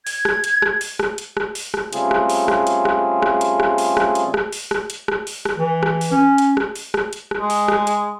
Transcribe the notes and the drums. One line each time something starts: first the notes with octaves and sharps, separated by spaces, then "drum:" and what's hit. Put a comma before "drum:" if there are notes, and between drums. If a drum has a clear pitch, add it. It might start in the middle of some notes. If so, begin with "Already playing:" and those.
G#6, drum: open hi-hat
drum: rim click
drum: hi-hat
drum: rim click
drum: open hi-hat
drum: rim click
drum: hi-hat
drum: rim click
drum: open hi-hat
drum: rim click
C#3 G3 A3 C4 F4 G#4, drum: hi-hat
drum: rim click
drum: open hi-hat
drum: rim click
drum: hi-hat
drum: rim click
drum: rim click
drum: hi-hat
drum: rim click
drum: open hi-hat
drum: rim click
drum: hi-hat
drum: rim click
drum: open hi-hat
drum: rim click
drum: hi-hat
drum: rim click
drum: open hi-hat
drum: rim click
E3
drum: rim click
drum: open hi-hat
C#4
drum: hi-hat
drum: rim click
drum: open hi-hat
drum: rim click
drum: hi-hat
drum: rim click
G#3
drum: open hi-hat
drum: rim click
drum: hi-hat